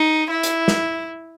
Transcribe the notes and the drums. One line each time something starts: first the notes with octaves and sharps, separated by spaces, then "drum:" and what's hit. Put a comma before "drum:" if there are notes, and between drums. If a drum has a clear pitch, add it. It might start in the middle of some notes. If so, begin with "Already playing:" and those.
Already playing: D#4
E4
drum: hi-hat
drum: snare